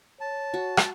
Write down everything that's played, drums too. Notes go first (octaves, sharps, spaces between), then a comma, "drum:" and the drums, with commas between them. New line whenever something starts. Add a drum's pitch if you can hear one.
C#5 A5
F#4
drum: rim click